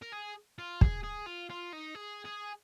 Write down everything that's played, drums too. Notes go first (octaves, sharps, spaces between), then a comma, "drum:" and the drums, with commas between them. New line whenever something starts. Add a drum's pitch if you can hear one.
A#4
G#4
F4
G#4, drum: kick
G#4
F4
F4
D#4
G#4
G#4